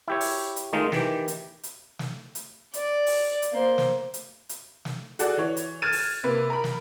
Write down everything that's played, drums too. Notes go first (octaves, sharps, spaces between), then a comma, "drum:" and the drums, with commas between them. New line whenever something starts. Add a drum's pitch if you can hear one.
E4 G4 C#5
drum: open hi-hat
drum: hi-hat
D#3 G#3 A3 D#4 F4
D#3 E3 G4, drum: snare
drum: hi-hat
drum: hi-hat
drum: snare
drum: hi-hat
D5, drum: hi-hat
drum: open hi-hat
drum: hi-hat
A#3 C5
drum: snare
drum: hi-hat
drum: hi-hat
drum: snare
F#4 G#4 A4 D5 F#5, drum: hi-hat
E3 C#5
drum: hi-hat
F6 F#6 G#6 A6 D#7 E7
drum: open hi-hat
C3 A#3 B4
A#4 B5
drum: snare